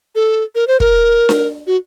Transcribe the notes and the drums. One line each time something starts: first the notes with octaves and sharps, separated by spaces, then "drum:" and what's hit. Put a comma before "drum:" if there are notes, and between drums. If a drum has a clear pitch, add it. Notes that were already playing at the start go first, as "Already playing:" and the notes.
A4
A#4
C5
A#4, drum: kick
drum: snare D4
F#4